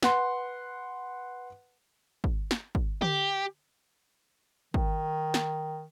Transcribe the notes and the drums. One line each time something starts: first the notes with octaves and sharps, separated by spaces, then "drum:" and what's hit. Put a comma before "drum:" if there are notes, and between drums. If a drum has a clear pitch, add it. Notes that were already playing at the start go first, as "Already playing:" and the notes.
B4 F#5 C6, drum: snare
drum: kick
drum: snare
drum: kick
G4, drum: tom D3
D#3, drum: kick
drum: snare